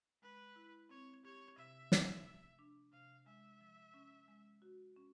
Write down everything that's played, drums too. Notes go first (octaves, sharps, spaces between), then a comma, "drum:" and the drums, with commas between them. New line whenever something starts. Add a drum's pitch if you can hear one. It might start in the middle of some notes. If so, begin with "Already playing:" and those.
G#3 B4
E4
C4 C#5
G4 C#5
C3 E5
A3, drum: snare
F3
D4
C3 F5
G#3 E5
F3
C#4
G#3
F#4
C#4